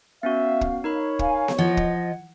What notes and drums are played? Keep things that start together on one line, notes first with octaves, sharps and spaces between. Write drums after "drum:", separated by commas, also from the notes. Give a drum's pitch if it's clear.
B3 C#4 F#4 E5 F5
drum: kick
D#4 A#4 C#5 B5
F5 G#5, drum: kick
drum: snare B3
F3 D#5 F#5 G#6
drum: kick